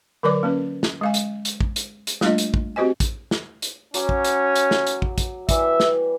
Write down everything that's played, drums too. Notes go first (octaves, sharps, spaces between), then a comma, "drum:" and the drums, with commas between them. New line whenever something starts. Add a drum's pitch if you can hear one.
D3 F#3 A#4 B4 D5 D6
A#3 C#4 B4
drum: snare
G#3 F5 G#5
drum: hi-hat
drum: hi-hat
drum: kick
drum: hi-hat
drum: hi-hat
G3 A3 A#3 D4 F4 D#5, drum: snare
drum: hi-hat
drum: kick
C4 F#4 G4 C5 D#5 G#5
drum: kick, hi-hat
drum: snare
drum: hi-hat
F#3 C#4 D6, drum: hi-hat
drum: kick
drum: hi-hat
drum: hi-hat
drum: snare
drum: hi-hat
drum: kick
drum: kick, hi-hat
E3 G3 E5, drum: kick, hi-hat
drum: snare